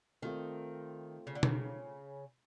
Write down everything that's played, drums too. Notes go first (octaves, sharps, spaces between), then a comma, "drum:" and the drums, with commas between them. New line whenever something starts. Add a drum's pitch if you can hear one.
D#3 A3 C4 F4
C#3
D3
C#3, drum: tom B2